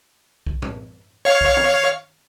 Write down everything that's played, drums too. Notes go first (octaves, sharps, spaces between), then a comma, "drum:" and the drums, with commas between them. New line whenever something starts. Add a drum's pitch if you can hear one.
drum: kick B1
drum: tom A2
C#5 F5
drum: kick B1
drum: tom